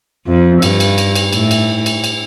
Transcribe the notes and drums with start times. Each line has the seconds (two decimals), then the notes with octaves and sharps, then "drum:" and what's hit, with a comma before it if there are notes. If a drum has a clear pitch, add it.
0.28 F2
0.62 G2, drum: cymbal
0.80 drum: cymbal
0.98 drum: cymbal
1.15 drum: cymbal
1.33 A2, drum: cymbal
1.51 drum: cymbal
1.86 drum: cymbal
2.04 drum: cymbal